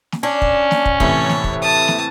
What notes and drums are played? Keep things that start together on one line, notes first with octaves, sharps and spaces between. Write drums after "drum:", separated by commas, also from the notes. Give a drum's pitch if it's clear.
drum: snare
C#4 D4
drum: kick
drum: snare
drum: kick
A2 C3 E3 A3 C#5, drum: kick
drum: snare
drum: kick
A5 D#6
drum: snare